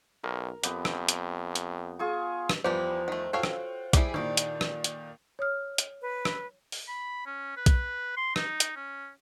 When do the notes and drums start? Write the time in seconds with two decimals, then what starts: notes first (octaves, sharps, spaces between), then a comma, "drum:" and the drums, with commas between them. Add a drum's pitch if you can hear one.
0.23 B1 A#4
0.64 F2 B3 G4, drum: hi-hat
0.85 drum: rim click
1.09 drum: hi-hat
1.56 drum: hi-hat
1.99 F4 G#4 C#6
2.49 drum: rim click
2.64 E2 E3 F3 G3 B3 G4 C5
3.08 D#3 A3
3.33 F4 F#4 A4 C#5 F5 G5
3.43 drum: rim click
3.93 G3 E4 G4 G#4 D6 C7, drum: kick B1, hi-hat
4.14 A#2 D#3 A4 D5
4.37 drum: hi-hat
4.61 drum: rim click
4.84 drum: hi-hat
5.39 C#5 D#6 F6
5.78 drum: hi-hat
6.02 B4
6.25 drum: rim click
6.72 drum: open hi-hat
6.88 B5
7.26 C#4
7.57 B4
7.66 drum: kick B1, hi-hat
8.17 C6
8.36 D#4, drum: rim click
8.60 drum: hi-hat
8.76 C#4